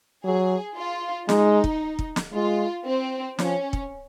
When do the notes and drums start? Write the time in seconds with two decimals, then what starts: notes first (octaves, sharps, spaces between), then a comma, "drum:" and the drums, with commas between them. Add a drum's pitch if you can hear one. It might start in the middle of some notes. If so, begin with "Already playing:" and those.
0.24 F#3 G#4
0.77 F4
1.29 G#3 D#4, drum: snare
1.64 drum: kick
1.99 drum: kick
2.16 drum: snare
2.33 G#3 F4
2.85 C4
3.39 F3 C#4, drum: snare
3.73 drum: kick